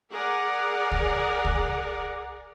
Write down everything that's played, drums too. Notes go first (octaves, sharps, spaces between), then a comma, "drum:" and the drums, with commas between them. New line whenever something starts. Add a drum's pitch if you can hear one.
G#4 A#4 D5 F#5
drum: kick C2
drum: kick C2